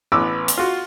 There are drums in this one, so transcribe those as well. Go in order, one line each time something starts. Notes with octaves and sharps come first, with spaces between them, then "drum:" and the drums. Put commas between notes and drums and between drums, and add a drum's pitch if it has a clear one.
A1 B3 B4 D6 E6
drum: hi-hat
F4 F#4